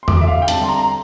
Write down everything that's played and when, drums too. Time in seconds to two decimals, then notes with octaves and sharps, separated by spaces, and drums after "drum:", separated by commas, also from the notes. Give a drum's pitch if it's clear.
0.03 C6
0.08 D2 D6, drum: tom E2
0.21 E5
0.28 F5
0.42 G5
0.48 D3 G3 C4 A5, drum: hi-hat
0.63 C6
0.69 A#5